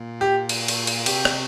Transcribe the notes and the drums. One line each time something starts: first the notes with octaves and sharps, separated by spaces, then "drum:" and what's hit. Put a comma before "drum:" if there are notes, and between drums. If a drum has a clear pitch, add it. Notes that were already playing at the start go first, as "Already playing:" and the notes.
Already playing: A#2
G4
drum: cymbal
drum: cymbal
drum: cymbal
C3 G4, drum: cymbal
drum: rim click